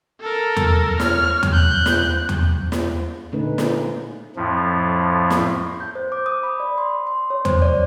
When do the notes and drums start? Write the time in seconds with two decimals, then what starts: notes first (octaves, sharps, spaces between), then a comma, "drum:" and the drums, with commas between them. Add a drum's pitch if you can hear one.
0.21 A4 A#4
0.56 drum: tom E2
1.00 C#5 F6, drum: snare
1.43 drum: tom E2
1.52 F#6 G6
1.86 drum: snare
2.29 drum: tom E2
2.72 drum: snare
3.32 A#2 D3 A3 C#4 D#4 B4
3.58 drum: snare
4.36 F2 A2 F3
5.30 drum: snare
5.80 G6
5.95 C5
6.12 D6
6.26 D#6
6.43 B5
6.60 D5
6.78 C6
7.07 C6
7.30 C#5
7.45 C5, drum: tom E2
7.62 D5